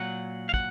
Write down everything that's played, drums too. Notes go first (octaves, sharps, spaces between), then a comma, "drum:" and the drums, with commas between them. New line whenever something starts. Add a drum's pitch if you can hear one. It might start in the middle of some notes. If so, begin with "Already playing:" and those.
Already playing: A#2 F#3 F#5
F5
F#5, drum: kick